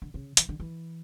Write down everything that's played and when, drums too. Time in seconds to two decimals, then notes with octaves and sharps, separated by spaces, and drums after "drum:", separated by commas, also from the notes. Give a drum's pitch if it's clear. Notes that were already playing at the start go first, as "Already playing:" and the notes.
0.02 D3
0.14 C#3
0.37 E3, drum: hi-hat
0.49 D3
0.60 E3